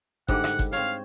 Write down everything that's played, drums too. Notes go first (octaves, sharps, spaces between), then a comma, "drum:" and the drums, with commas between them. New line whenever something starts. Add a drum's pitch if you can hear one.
G#2 D3 G3 F#5, drum: kick G1
drum: rim click
drum: kick G1, hi-hat
C4 C#5 F5, drum: hi-hat